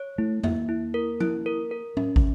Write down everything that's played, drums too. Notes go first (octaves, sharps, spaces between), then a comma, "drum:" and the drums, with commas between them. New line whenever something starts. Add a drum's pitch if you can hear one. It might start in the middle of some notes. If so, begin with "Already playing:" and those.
Already playing: C#5
A3 E4
A#3 E5, drum: tom E2
E4
A#4
E4, drum: tom F3
A#4
A#4
C#4 E5, drum: tom A2
drum: kick